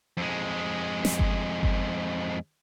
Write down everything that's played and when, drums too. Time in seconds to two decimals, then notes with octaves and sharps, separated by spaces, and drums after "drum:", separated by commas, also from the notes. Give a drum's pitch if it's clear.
0.17 F2 G#3
1.05 drum: snare
1.19 drum: kick G1
1.63 drum: kick G1